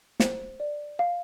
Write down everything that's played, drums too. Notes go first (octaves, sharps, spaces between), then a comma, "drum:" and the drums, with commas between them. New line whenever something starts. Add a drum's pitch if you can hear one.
C5, drum: snare
D5
F5